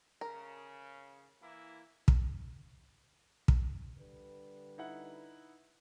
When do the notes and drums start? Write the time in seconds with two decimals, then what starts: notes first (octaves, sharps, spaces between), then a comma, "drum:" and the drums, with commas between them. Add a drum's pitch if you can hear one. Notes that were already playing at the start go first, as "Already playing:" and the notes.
0.21 C#3 A#4
1.41 E3 A#3 E4
2.08 drum: kick
3.48 drum: kick
3.98 D3 G3 B4
4.78 D#4 E4 F#5